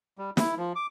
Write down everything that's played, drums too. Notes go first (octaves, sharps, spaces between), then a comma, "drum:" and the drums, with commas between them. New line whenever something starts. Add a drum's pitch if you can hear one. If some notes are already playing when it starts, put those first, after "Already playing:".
G3
E4, drum: snare
F3
D6